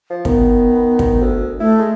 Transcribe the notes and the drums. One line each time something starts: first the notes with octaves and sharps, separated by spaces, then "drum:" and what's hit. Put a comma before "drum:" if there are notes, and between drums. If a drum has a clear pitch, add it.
F3
D#3 B3, drum: kick
drum: kick
D2
A3 E4
G#3